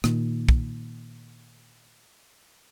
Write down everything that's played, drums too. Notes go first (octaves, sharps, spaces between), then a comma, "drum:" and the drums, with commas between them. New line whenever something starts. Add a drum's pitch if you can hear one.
A#2 D#3, drum: rim click
drum: kick